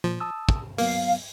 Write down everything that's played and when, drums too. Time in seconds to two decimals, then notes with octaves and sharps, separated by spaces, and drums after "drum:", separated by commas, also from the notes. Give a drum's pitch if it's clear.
0.04 A#2 F3
0.20 A5 D#6 E6
0.49 drum: kick
0.78 F#3 A#3 B3 F5, drum: open hi-hat